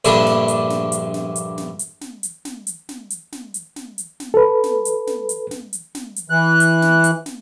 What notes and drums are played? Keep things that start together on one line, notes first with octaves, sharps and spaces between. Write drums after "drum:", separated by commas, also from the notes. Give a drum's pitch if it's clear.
A#1 G2 D3 D4 E4, drum: hi-hat
drum: snare
drum: hi-hat
drum: snare
drum: hi-hat
drum: snare
drum: hi-hat
drum: snare
drum: hi-hat
drum: snare
drum: hi-hat
drum: snare
drum: hi-hat
drum: snare
drum: hi-hat
drum: snare
drum: hi-hat
drum: snare
drum: hi-hat
drum: snare
A4 B4
drum: snare
drum: hi-hat
drum: snare
drum: hi-hat
drum: snare
drum: hi-hat
drum: snare
drum: hi-hat
E3 F#6
drum: hi-hat
drum: snare
drum: hi-hat
drum: snare